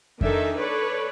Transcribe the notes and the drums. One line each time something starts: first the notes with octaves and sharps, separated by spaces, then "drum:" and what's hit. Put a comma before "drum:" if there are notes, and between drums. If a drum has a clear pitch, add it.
D#3 D4 D#4 A4 E5 G#5, drum: kick F2
A4 B4 C#5 D5